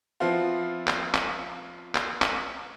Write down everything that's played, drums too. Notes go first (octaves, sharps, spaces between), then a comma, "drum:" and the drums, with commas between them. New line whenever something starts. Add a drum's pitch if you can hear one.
F3 B3 C4 E4 F4
drum: clap
drum: clap
drum: clap
drum: clap